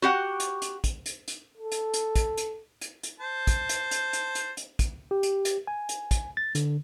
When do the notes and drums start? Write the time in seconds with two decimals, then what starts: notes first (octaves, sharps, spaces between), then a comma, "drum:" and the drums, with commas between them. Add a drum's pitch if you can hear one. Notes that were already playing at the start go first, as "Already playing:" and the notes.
0.02 F#4 G4 F#5
0.40 drum: hi-hat
0.62 drum: hi-hat
0.84 drum: kick, hi-hat
1.06 drum: hi-hat
1.28 drum: hi-hat
1.58 A4
1.72 drum: hi-hat
1.94 drum: hi-hat
2.16 drum: kick, hi-hat
2.37 drum: hi-hat
2.81 drum: hi-hat
3.03 drum: hi-hat
3.20 C5 A5
3.47 drum: kick, hi-hat
3.69 drum: hi-hat
3.91 drum: hi-hat
4.13 drum: hi-hat
4.35 drum: hi-hat
4.57 drum: hi-hat
4.79 drum: kick, hi-hat
5.11 G4
5.23 drum: hi-hat
5.45 drum: hi-hat
5.67 G#5
5.89 drum: hi-hat
6.11 drum: kick, hi-hat
6.37 A6
6.55 D3, drum: hi-hat